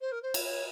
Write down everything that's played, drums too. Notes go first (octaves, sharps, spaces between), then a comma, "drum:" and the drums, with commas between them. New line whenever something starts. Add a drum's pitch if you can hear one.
C5
A#4
C5
C#5, drum: cymbal
C#5